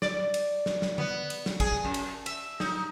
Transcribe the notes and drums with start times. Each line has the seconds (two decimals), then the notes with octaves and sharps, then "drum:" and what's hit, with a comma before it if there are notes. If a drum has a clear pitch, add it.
0.02 D5, drum: snare
0.34 drum: cymbal
0.66 drum: snare
0.82 drum: snare
0.98 B3, drum: tom D3
1.30 drum: cymbal
1.46 drum: snare
1.60 G#4, drum: kick, cymbal
1.85 F#2
1.94 drum: cymbal
2.26 E5, drum: cymbal
2.60 D#4, drum: snare